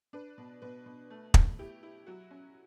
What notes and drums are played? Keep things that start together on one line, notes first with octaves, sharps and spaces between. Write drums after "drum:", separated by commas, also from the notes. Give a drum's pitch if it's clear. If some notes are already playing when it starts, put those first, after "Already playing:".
D4 B4
B2
B2 B4
B2
A3
A3, drum: kick
E4 G4
E4
F#3 F#4
C#4